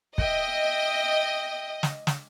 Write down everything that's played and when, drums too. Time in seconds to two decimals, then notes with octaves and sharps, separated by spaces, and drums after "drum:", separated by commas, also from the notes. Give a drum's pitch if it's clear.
0.18 D#5 E5 G5, drum: kick
1.83 drum: snare
2.07 drum: snare